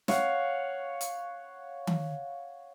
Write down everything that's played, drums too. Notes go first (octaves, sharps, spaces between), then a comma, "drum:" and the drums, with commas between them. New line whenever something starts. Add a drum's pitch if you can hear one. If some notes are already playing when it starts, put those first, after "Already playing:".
C#5 F5 F#5, drum: snare
drum: hi-hat
drum: tom D#3